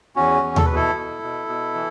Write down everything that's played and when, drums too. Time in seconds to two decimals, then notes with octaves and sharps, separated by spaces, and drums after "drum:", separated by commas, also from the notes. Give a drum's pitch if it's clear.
0.16 E2 C#4 F#4
0.43 E2
0.56 A4, drum: tom D#2
0.66 B2 B4
0.75 E4 A4
0.95 B2
1.23 B2
1.48 B2
1.74 E3